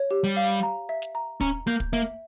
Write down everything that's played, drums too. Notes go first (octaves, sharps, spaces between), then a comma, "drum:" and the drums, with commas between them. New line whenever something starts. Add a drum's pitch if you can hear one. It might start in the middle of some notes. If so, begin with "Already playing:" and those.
Already playing: C#5
G4
G3
F5
A#5
E5
drum: snare
A#5
C#4 A#5, drum: kick
A#3 G6
drum: kick
A#3 E5